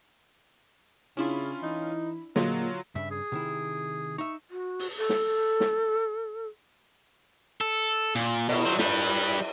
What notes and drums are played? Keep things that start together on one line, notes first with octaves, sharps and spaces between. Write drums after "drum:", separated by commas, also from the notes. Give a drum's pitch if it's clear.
C#3 C#4 D4 E4 F4 B5
E3 D#4
A#2 D3 F#3 G#3 F4, drum: snare
G2 C#3 E5
G#4
C3 D#3 E4
D#4 E5 C#6
F#4
drum: open hi-hat
A4
drum: snare
drum: snare
A4
A#2, drum: hi-hat
B2, drum: cymbal
F#3 C5
G3 B4, drum: snare